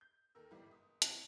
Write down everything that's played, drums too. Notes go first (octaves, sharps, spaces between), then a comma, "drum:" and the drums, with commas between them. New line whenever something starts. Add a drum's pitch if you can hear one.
G6
D#2 A4 A#4 E6
G1 G#2 E3 G3 E5 D6
F#1 D#6
C3 E3 C4 C#4, drum: hi-hat